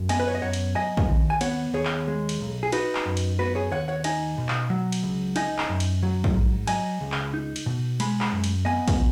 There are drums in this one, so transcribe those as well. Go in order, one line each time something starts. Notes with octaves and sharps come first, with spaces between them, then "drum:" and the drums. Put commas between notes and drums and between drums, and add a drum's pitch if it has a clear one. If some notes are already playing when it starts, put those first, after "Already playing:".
Already playing: F#2
B3 D#5 G#5, drum: cymbal
B4
C#5
D#5
F#2 C#5 F#5
drum: cymbal
F#3 D#5 G#5
drum: kick
D#2
G#5
B3 C#5 F#5, drum: cymbal
D#2 G#4 C#5
drum: clap
G#3
drum: cymbal
B1
G#4
D#4 F#4 B4, drum: cymbal
drum: clap
F#2
drum: cymbal
B3 F#4 B4
G#4 C#5
D#2 C#5 F#5
C#5 F#5
D#4 D#5 G#5, drum: cymbal
B2
drum: clap
F#3
drum: cymbal
C#2
D#4 D#5 G#5, drum: cymbal
drum: clap
F#2
drum: cymbal
F#3
drum: kick
G#2
F#3 D#5 G#5, drum: cymbal
C#2
drum: clap
D#4
drum: cymbal
B2
G#3 B5, drum: cymbal
F#5 B5, drum: clap
F#2
drum: cymbal
B3 D#5 G#5
drum: kick, cymbal